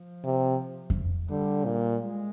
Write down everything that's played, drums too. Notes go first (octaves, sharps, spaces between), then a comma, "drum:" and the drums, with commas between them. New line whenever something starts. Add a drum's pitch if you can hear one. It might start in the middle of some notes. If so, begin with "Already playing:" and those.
Already playing: F3
C3
drum: kick F2
D3 G3
A#2
G#3